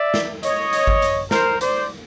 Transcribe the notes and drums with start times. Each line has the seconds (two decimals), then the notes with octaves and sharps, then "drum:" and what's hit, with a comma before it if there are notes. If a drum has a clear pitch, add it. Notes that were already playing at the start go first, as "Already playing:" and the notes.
Already playing: D5 E5
0.14 drum: snare
0.43 C#5 D#5, drum: hi-hat
0.73 drum: hi-hat
0.87 drum: kick G#1
1.02 drum: hi-hat
1.31 A#4 C5, drum: snare
1.61 C5 D5, drum: hi-hat